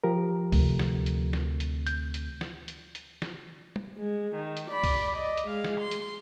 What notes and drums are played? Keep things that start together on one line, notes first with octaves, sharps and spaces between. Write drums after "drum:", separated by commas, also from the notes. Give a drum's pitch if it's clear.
F3 G4 A#4
D2 C3, drum: kick C2, open hi-hat
drum: snare
drum: hi-hat
drum: snare
drum: hi-hat
G6, drum: hi-hat
drum: hi-hat
drum: snare
drum: hi-hat
drum: hi-hat
drum: snare
drum: tom
G#3
D#3
drum: hi-hat
D5 B5
drum: kick C2, open hi-hat
D5 D#5
drum: hi-hat
G#3 F5
drum: snare
C6
drum: hi-hat